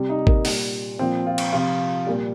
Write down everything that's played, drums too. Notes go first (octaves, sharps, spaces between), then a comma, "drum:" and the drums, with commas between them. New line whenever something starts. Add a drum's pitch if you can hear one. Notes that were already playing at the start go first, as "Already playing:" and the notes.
Already playing: C3 G3
D#4
A#3, drum: kick
A#2 G3, drum: open hi-hat
A#2 F3 C4
F4
drum: cymbal
C3 F3 F4
A#2 G3